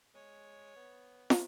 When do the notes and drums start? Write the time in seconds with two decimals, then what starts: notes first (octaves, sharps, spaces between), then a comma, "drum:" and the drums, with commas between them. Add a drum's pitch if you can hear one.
0.15 G#3 C#5
0.76 B3
1.30 drum: snare